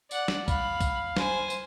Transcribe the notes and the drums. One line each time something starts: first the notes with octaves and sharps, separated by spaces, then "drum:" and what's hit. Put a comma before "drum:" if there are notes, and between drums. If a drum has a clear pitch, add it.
D5 F#5, drum: tambourine
drum: snare
F5 B5, drum: kick, tambourine
drum: kick, tambourine
C5 G#5, drum: snare
drum: tambourine